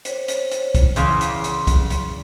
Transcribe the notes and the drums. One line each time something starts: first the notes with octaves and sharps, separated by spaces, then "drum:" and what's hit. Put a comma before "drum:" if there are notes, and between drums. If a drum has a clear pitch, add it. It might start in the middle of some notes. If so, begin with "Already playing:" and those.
C5 C#5, drum: hi-hat
drum: hi-hat
drum: hi-hat
drum: kick C2, hi-hat
E2 C#3 C6, drum: hi-hat
drum: hi-hat
drum: hi-hat
drum: kick C2, hi-hat
drum: hi-hat